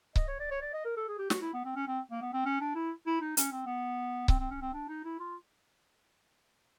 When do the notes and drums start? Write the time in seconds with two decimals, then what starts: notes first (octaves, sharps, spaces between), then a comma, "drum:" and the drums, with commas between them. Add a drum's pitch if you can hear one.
0.16 D#5, drum: kick C#1
0.28 C#5
0.40 D5
0.51 C#5
0.61 D5
0.73 D#5
0.85 A#4
0.97 A4
1.08 G#4
1.18 G4
1.30 F#4, drum: snare
1.42 E4
1.54 B3
1.65 C4
1.76 C#4
1.87 C4
2.11 A#3
2.21 B3
2.33 C4
2.45 C#4
2.60 D4
2.75 E4
3.06 E4
3.21 D#4
3.37 C#4, drum: hi-hat
3.51 C4
3.66 B3
4.28 C4, drum: kick C#1
4.40 C4
4.50 C#4
4.62 C4
4.74 D4
4.88 D#4
5.04 E4
5.19 F4